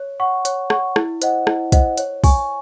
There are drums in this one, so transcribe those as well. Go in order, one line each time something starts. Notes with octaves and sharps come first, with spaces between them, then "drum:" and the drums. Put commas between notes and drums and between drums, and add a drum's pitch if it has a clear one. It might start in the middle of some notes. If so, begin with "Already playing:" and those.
Already playing: C#5
F#5 C#6
C#5, drum: hi-hat
F#5 C#6, drum: rim click
E4, drum: rim click
C5 D#5 F#5, drum: hi-hat
E4, drum: rim click
C5 D#5 F#5, drum: kick, hi-hat
C#5, drum: hi-hat
G#5 C#6, drum: kick, open hi-hat